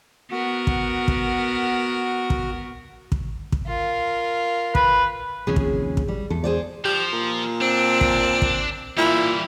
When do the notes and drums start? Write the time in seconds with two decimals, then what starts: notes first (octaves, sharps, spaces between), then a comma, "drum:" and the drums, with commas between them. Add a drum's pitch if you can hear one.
0.31 B3 F#4 A#4
0.67 drum: kick
1.08 drum: kick
2.30 drum: kick
3.12 drum: kick
3.52 drum: kick
3.67 F4 A#4
4.75 B4, drum: kick
5.47 D#2 C3 F3 C#4 G#4
5.56 drum: kick
5.97 drum: kick
6.08 G3
6.30 E2 A4
6.44 G#4 C5 D5
6.85 F3 G4
7.13 A#2
7.61 C4 D4
8.01 drum: kick
8.42 drum: kick
8.98 A#2 E3 G3 E4